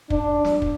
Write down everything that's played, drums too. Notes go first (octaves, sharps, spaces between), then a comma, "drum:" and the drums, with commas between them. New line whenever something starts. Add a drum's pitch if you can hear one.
D4, drum: kick
drum: snare
drum: kick